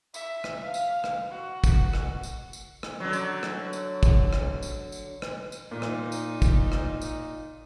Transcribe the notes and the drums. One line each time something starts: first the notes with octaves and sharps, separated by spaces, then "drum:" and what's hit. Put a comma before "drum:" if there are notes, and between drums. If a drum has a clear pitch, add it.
E5, drum: tambourine
drum: rim click
F5
drum: tambourine
drum: rim click
F#4
drum: kick, tambourine
drum: rim click
drum: tambourine
drum: tambourine
drum: rim click
D3 F#3
drum: tambourine
drum: rim click
drum: tambourine
drum: kick, tambourine
drum: rim click
drum: tambourine
drum: tambourine
drum: rim click
drum: tambourine
A#2 D#4
drum: rim click
drum: tambourine
drum: kick, tambourine
drum: rim click
drum: tambourine